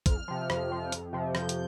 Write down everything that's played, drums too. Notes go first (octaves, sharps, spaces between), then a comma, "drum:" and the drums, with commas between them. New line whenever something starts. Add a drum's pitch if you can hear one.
F2 F6, drum: kick, hi-hat
C3 F3
F2, drum: rim click
C3 F3
F2, drum: hi-hat
C3 F3
F2 G6, drum: rim click
drum: hi-hat